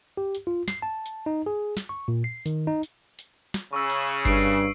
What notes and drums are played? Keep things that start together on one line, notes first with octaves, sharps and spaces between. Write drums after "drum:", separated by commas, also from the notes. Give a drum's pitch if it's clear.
G4
drum: hi-hat
F4
C7, drum: snare
A5
drum: hi-hat
D#4
G#4
drum: snare
C#6
A#2
C7
D#3, drum: hi-hat
D#4
drum: hi-hat
drum: hi-hat
drum: snare
C#3 C#6 E6
drum: hi-hat
G2 C7 D7, drum: kick G1, hi-hat